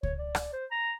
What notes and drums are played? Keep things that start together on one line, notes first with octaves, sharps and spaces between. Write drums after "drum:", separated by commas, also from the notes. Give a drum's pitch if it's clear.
C#5, drum: kick C#2
D5
drum: rim click
C5
A#5